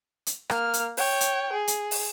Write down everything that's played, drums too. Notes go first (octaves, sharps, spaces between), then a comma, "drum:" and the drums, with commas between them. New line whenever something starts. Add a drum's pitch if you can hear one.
drum: hi-hat
A#3 F6, drum: rim click
drum: hi-hat
C#5 G5, drum: open hi-hat
drum: hi-hat
G#4
drum: hi-hat
drum: open hi-hat